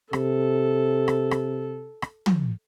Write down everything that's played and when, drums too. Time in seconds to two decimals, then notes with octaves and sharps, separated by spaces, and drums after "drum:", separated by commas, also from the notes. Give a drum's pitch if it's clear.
0.13 C3 A4, drum: rim click
1.08 drum: rim click
1.31 drum: rim click
2.02 drum: rim click
2.26 drum: tom